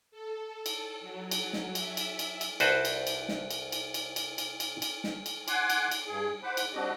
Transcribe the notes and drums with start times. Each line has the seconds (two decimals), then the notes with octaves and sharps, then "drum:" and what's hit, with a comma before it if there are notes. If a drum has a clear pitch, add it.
0.11 A4
0.66 drum: cymbal
1.01 F#3
1.31 drum: cymbal
1.53 drum: snare
1.75 E5, drum: cymbal
1.97 drum: cymbal
2.19 drum: cymbal
2.41 drum: cymbal
2.60 C2 F#4 B4 C5 A5, drum: cymbal
2.85 drum: cymbal
3.07 drum: cymbal
3.29 drum: snare
3.51 drum: cymbal
3.72 drum: cymbal
3.94 drum: cymbal
4.16 drum: cymbal
4.38 drum: cymbal
4.60 drum: cymbal
4.82 drum: cymbal
5.04 drum: snare
5.26 drum: cymbal
5.48 F#5 G#5 C6 D6, drum: cymbal
5.70 drum: cymbal
5.91 drum: cymbal
6.07 G2 G#4
6.43 C5 F#5 B5 D6
6.57 drum: cymbal
6.73 G3 C4 D4 F#4 G4 D#5